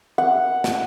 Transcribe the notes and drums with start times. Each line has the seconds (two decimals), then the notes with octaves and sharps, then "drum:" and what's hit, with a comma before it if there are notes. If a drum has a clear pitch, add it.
0.18 F#5
0.64 drum: snare